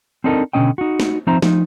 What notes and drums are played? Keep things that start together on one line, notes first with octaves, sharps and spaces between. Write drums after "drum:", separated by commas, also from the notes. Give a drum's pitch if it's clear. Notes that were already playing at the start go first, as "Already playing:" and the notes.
C4 D4 D#4 A4 A#4 D#5
B2 D3 A3 C#4 D#5 G5
D#4 F#4
drum: snare
F3 C4 D#4 C5 E5 A#5
F3 D#4, drum: snare